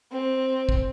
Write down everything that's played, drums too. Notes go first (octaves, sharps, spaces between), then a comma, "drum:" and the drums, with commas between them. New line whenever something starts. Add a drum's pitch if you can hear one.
C4
drum: kick